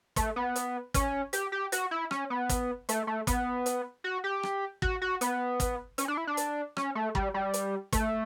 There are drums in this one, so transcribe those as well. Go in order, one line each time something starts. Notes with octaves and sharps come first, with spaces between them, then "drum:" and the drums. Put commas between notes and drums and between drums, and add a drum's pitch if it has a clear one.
A3, drum: kick, hi-hat
B3
drum: hi-hat
C#4, drum: kick, hi-hat
G4, drum: hi-hat
G4
F#4, drum: hi-hat
E4
C#4, drum: rim click
B3
drum: kick, hi-hat
A3, drum: hi-hat
A3
B3, drum: kick, hi-hat
drum: hi-hat
F#4
G4
drum: rim click
F#4, drum: kick
F#4
B3, drum: hi-hat
drum: kick, hi-hat
C#4, drum: hi-hat
D4
E4
D4
drum: hi-hat
C#4, drum: rim click
A3
G3, drum: kick
G3
drum: hi-hat
A3, drum: kick, hi-hat